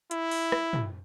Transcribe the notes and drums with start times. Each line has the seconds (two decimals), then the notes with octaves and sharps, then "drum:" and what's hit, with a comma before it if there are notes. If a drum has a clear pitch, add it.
0.11 E4, drum: hi-hat
0.31 drum: open hi-hat
0.52 drum: rim click
0.73 drum: tom